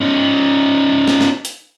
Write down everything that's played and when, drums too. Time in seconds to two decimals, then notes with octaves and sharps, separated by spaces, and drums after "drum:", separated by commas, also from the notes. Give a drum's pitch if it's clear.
0.01 C#4 D#4
1.08 drum: snare
1.21 drum: snare
1.45 drum: hi-hat